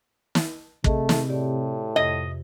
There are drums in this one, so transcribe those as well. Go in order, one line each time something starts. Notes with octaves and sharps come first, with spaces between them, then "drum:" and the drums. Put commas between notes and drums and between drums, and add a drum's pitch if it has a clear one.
drum: snare
C3 A3 G#4 D#5, drum: kick
drum: snare
A2 G4 D5
F2 C3 D#5